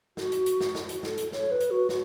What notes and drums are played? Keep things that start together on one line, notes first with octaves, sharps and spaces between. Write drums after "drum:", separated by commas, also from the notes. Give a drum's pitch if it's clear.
F#4, drum: snare
drum: hi-hat
drum: hi-hat
drum: snare
drum: snare
drum: hi-hat
A4, drum: snare
drum: hi-hat
C#5, drum: snare
B4
drum: hi-hat
F#4
drum: snare